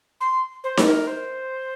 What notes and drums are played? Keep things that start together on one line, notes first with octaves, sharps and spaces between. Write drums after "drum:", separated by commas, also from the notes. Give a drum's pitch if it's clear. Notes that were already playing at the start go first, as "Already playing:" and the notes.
C6
C5
A4, drum: snare D#4
A#4
C5